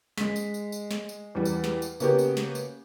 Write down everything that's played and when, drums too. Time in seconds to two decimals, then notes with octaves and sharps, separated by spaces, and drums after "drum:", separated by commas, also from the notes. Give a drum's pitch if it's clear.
0.18 G#3 B6, drum: snare
0.36 drum: tambourine
0.54 drum: tambourine
0.72 drum: tambourine
0.91 drum: snare
1.09 drum: tambourine
1.35 E2 G3
1.45 drum: tambourine
1.64 drum: snare
1.82 drum: tambourine
2.00 C#3 A#3 B3 F#4 G4, drum: tambourine
2.19 drum: tambourine
2.37 drum: snare
2.55 drum: tambourine